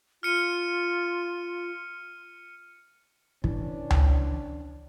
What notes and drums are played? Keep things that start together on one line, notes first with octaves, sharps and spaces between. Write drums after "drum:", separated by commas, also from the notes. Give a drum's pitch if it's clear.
F4 F6 C#7 D#7
E3 C#4 D4, drum: kick
drum: tom C#2